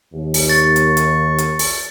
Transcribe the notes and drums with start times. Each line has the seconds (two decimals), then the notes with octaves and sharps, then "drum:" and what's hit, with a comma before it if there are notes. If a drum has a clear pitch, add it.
0.13 D#2
0.34 drum: open hi-hat
0.49 C#6 A6
0.76 drum: hi-hat
0.97 drum: hi-hat
1.38 drum: hi-hat
1.59 drum: open hi-hat